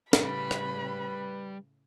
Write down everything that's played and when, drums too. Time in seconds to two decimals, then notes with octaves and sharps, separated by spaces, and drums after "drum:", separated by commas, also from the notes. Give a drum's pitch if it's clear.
0.13 A2 C#3 G3 B4 B5, drum: snare
0.51 drum: rim click